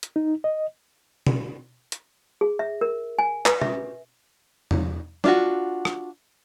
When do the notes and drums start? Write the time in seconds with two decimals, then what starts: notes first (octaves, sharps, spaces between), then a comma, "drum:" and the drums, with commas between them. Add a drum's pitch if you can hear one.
0.03 drum: hi-hat
0.16 D#4
0.44 D#5
1.27 drum: tom B2
1.92 drum: hi-hat
2.41 G#4
2.59 E5
2.81 A#4
3.19 G#5
3.46 B4, drum: clap
3.61 E5, drum: tom
4.71 drum: tom
5.24 D4 F4 F#4, drum: snare
5.85 drum: rim click